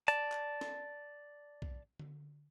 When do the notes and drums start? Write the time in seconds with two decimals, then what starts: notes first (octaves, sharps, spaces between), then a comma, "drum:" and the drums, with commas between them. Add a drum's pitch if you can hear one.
0.08 D5 A5, drum: hi-hat
0.32 drum: clap
0.61 drum: snare
1.62 drum: kick B1
1.99 drum: tom D3